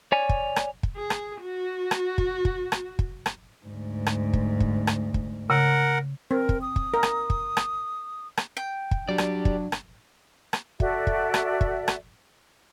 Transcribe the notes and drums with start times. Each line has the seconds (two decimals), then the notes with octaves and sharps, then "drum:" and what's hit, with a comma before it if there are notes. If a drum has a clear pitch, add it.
0.12 C#5 D5 G#5
0.29 drum: kick
0.56 drum: rim click
0.83 drum: kick
0.96 G#4
1.10 drum: rim click
1.42 F#4
1.91 drum: rim click
2.18 drum: kick
2.45 drum: kick
2.72 drum: rim click
2.99 drum: kick
3.26 drum: rim click
3.66 D2 G#2
4.06 drum: rim click
4.33 drum: kick
4.60 drum: kick
4.87 drum: rim click
5.14 drum: kick
5.50 C#3 A#4 F#5
6.31 C4 A#4
6.49 drum: kick
6.61 D#6
6.76 drum: kick
6.94 A#4
7.03 drum: rim click
7.30 drum: kick
7.57 drum: rim click
8.37 drum: rim click
8.57 G5
8.91 drum: kick
9.09 F#3 D4 G4 D5
9.18 drum: rim click
9.45 drum: kick
9.72 drum: rim click
10.53 drum: rim click
10.80 F#4 A4 D5 E5, drum: kick
11.07 drum: kick
11.34 drum: rim click
11.61 drum: kick
11.88 drum: rim click